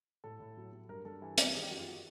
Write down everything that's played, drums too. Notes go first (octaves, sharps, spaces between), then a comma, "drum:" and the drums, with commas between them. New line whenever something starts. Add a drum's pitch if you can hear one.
A2 A4
A2
F#3
F#3
G2 A#4
G2 A4
E3
G2, drum: hi-hat
D#3 G#4
G4
F#2 F#4
F4
F#4